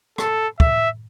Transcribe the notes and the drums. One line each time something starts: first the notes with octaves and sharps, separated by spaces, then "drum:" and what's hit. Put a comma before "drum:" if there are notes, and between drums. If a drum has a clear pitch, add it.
A4, drum: rim click
E5, drum: kick